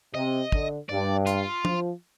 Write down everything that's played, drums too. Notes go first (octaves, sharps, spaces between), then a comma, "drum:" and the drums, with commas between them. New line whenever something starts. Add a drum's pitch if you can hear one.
C3 D#5
D3, drum: kick
G2 D5
F4, drum: hi-hat
F3, drum: tom